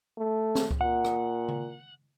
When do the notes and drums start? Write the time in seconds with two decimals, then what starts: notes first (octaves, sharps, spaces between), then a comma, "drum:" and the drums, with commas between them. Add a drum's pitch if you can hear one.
0.18 A3
0.55 drum: snare
0.71 drum: kick C#2
0.81 A#2 F#5
1.05 drum: rim click
1.48 drum: tom C#3